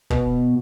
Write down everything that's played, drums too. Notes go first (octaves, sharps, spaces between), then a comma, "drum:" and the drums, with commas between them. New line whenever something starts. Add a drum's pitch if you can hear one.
B2, drum: kick